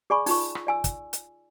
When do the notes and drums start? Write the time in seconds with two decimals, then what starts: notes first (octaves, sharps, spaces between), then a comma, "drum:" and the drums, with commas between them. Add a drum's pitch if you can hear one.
0.10 G#4 D5 G#5 B5 C#6
0.26 D#4 F4 C#6, drum: open hi-hat
0.55 drum: rim click
0.67 D5 G#5 E6
0.84 drum: kick, hi-hat
1.13 drum: hi-hat